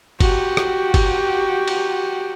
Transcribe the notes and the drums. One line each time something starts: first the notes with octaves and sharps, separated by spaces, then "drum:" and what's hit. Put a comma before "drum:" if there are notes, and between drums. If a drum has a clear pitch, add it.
F#4 G4, drum: kick G1, cymbal
drum: rim click
drum: kick G1, cymbal
drum: cymbal